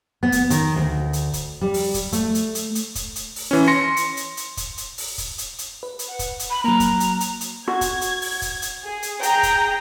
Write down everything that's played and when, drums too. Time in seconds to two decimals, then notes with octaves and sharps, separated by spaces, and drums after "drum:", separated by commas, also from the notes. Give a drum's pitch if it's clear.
0.23 B3
0.32 drum: kick, hi-hat
0.50 D#3, drum: hi-hat
0.76 D2
1.13 drum: hi-hat
1.33 drum: kick, hi-hat
1.61 G3
1.74 drum: open hi-hat
1.94 drum: kick, hi-hat
2.13 A3, drum: hi-hat
2.35 drum: hi-hat
2.55 drum: hi-hat
2.75 drum: hi-hat
2.95 drum: kick, hi-hat
3.16 drum: hi-hat
3.36 drum: open hi-hat
3.51 E3 C#4
3.68 C6 A#6 C#7
3.97 drum: hi-hat
4.17 drum: hi-hat
4.37 drum: hi-hat
4.57 drum: kick, hi-hat
4.77 drum: hi-hat
4.98 drum: open hi-hat
5.18 drum: kick, hi-hat
5.38 drum: hi-hat
5.58 drum: hi-hat
5.83 B4
5.99 drum: hi-hat
6.08 F#5
6.19 drum: kick, hi-hat
6.39 drum: hi-hat
6.50 B5
6.64 F#3 A#3 A#5
6.80 drum: kick, hi-hat
7.00 drum: hi-hat
7.20 drum: hi-hat
7.41 drum: hi-hat
7.68 F#4 G#6
7.81 drum: kick, hi-hat
8.01 drum: hi-hat
8.22 drum: open hi-hat
8.42 drum: kick, hi-hat
8.62 drum: hi-hat
8.85 G#4
9.03 drum: hi-hat
9.23 G#4 G5 A#5, drum: hi-hat
9.43 drum: kick, hi-hat